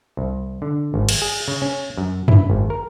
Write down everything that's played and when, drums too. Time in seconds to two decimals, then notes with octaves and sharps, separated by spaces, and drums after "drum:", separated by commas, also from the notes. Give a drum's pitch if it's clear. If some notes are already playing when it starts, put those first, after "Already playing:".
0.17 C2
0.62 D3
0.94 G#1
1.09 drum: cymbal
1.22 G#4
1.48 C#3
1.62 C#4
1.97 F#2
2.28 E4, drum: tom F#2
2.50 G#1
2.70 A#4